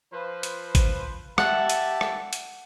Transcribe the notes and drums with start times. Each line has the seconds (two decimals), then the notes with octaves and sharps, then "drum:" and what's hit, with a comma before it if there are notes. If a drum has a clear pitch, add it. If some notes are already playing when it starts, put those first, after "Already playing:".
0.13 F3 B4 C5
0.43 drum: hi-hat
0.75 drum: kick G#1, hi-hat
1.38 G4 E5 F#5 A5, drum: rim click
1.70 drum: hi-hat
2.01 drum: rim click
2.33 drum: hi-hat